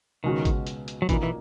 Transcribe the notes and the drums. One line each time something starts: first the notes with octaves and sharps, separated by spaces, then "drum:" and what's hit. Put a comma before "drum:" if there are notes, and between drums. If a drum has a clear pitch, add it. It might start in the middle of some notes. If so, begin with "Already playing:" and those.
C#2 B2 D#3 G#3 C#4 F#4
drum: kick G#1, hi-hat
drum: hi-hat
drum: hi-hat
F#3
B1 A#2 E3 A#3 D#4, drum: kick G#1, hi-hat
E3